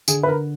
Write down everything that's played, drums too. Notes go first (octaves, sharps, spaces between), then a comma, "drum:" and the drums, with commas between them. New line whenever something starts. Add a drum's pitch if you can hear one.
D3 G#4, drum: tambourine
B4
D3 A#4